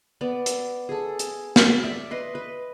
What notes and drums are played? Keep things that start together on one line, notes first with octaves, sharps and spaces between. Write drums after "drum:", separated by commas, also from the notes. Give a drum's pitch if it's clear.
B3 D5
drum: hi-hat
G#4 A4
drum: hi-hat
drum: snare
D5 E5
B4 D#5 C6
B4